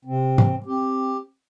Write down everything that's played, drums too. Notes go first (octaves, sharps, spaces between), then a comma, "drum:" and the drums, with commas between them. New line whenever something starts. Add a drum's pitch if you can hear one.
C3 C4
drum: tom G#2
C4 G4